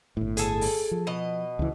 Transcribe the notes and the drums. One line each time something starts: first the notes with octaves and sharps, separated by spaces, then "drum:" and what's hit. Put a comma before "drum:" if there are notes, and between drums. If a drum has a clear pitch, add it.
G1 A2
G#4 A4 G#5, drum: hi-hat
drum: open hi-hat
F3
B2 D#5
C#2 E3